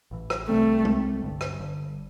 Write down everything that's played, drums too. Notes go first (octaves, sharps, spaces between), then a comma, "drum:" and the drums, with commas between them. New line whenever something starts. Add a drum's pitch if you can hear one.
A1 A2 E3
drum: rim click
C2 C3 G3 A3 C4
C2 C3 G3 C4, drum: tom G#3
G1 G2 D3
drum: rim click
G1 G2 D3